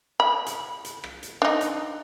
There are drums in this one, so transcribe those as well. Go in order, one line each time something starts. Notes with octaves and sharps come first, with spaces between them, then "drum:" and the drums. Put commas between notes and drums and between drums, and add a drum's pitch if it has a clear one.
B5
drum: hi-hat
drum: hi-hat
drum: rim click
drum: hi-hat
D4 D#4
drum: hi-hat